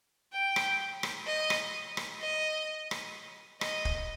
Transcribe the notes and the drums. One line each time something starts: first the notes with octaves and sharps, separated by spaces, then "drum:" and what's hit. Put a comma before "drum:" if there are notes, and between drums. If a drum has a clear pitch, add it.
G5
drum: rim click
drum: rim click
D#5
drum: rim click
drum: rim click
D#5
drum: rim click
D#5, drum: rim click
drum: kick